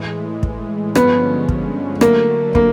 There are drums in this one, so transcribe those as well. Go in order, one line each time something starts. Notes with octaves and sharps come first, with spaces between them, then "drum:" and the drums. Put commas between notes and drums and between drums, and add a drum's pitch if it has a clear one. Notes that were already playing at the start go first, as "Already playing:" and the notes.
Already playing: A2 E3 G#3
drum: kick
G2 D3 F3 G#3 B3 C#4, drum: rim click
drum: kick
D3 F#3 A3 A#3, drum: rim click
A#3, drum: kick